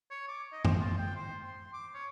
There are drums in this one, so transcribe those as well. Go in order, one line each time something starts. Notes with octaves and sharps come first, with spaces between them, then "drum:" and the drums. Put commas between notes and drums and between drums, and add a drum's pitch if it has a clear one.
C#5
D6
D#5
C5, drum: tom F#2
F4
G5
C5
C6
D6
C#5